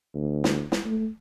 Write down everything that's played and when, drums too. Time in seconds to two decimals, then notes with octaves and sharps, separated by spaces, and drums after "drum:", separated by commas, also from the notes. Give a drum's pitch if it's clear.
0.15 D2
0.44 drum: snare
0.72 drum: snare
0.86 A3